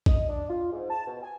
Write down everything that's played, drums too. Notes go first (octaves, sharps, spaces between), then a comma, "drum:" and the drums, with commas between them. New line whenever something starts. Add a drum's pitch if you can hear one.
D#5, drum: kick
D4
F4
G#2
A5
B2
G#5